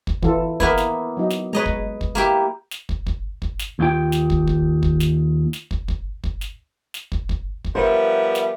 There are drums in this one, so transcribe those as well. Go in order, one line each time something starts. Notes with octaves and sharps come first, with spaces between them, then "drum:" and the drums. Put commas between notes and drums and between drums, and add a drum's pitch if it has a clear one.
drum: kick
E3 F4 A4, drum: kick
A#3 B3 E4 A#4 B4, drum: kick
drum: snare
F#3 D#4
drum: snare
G#3 B4 C#5 D#5 A#5
drum: kick
drum: kick
A#3 E4 G4
drum: snare
drum: kick
drum: kick
drum: kick
drum: snare
D#2 F4 G5
drum: snare
drum: kick
drum: kick
drum: kick
drum: snare
drum: snare
drum: kick
drum: kick
drum: kick
drum: snare
drum: snare
drum: kick
drum: kick
drum: kick
F3 G3 B3 A#4 C5 E5
drum: snare